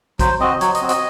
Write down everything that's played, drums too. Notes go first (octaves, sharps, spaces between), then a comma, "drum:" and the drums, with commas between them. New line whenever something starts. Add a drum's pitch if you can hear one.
F#3 C5, drum: kick, hi-hat
C4 F#4 D#5
F#3 C#5, drum: hi-hat
D#5, drum: hi-hat
C4 F#4
D#5, drum: hi-hat